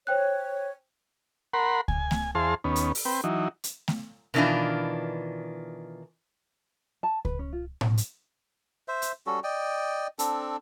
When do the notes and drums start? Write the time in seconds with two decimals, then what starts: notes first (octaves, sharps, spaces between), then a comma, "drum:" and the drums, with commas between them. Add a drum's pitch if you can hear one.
0.07 C5 C#5 G5 F#6
1.53 A#4 F#5 B5 C6
1.88 G#5, drum: kick C#2
2.11 drum: snare A3
2.35 E2 G#4 C5 F5 A5 C6
2.64 D#2 B3 C#4
2.76 drum: hi-hat
2.95 drum: open hi-hat
3.05 C4 B4 G5
3.24 E3 F#3 D#4
3.64 drum: hi-hat
3.88 drum: snare A3
4.34 B2 D#3 E3 D4 F4
7.03 A5
7.25 B4, drum: kick C#2
7.39 C#4
7.52 F4
7.81 drum: tom A2
7.98 drum: hi-hat
8.88 C5 E5
9.02 drum: hi-hat
9.27 G3 C#4 F#4 A4
9.44 D5 D#5 G5
10.19 C4 D4 A4, drum: hi-hat